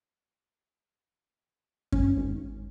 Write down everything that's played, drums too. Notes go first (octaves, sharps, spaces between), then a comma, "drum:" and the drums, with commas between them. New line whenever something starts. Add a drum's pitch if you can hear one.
C#4, drum: kick F#2
G#1